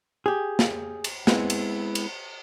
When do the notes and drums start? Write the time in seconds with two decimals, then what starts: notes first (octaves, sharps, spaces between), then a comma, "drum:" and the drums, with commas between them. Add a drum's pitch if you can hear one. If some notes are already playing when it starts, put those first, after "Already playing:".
0.26 G4 G#4
0.59 drum: snare
1.04 drum: cymbal
1.27 G#3 B3 C4 E4, drum: snare
1.50 drum: cymbal
1.95 drum: cymbal